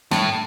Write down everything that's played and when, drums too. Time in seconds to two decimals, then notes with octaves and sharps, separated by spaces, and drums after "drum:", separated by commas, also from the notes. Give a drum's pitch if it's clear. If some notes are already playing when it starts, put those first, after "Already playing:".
0.11 A2, drum: snare